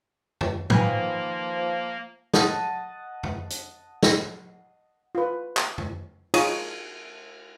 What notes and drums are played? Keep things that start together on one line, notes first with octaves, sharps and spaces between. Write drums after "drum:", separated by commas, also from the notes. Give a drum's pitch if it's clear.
drum: tom F2
D#3 F3 A#3 B4 G#5, drum: tom G#2
D#5 F#5 A5 D#6, drum: snare
drum: tom F2
drum: hi-hat
drum: snare
F4 B4
drum: clap
drum: tom F2
D#4 F4 G#4 C#5 A#5 D#6, drum: cymbal